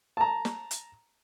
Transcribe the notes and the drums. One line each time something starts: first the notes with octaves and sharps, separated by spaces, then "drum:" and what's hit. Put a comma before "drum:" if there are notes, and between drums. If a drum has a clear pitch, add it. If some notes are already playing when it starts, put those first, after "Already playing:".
A5 A#5
drum: snare
drum: hi-hat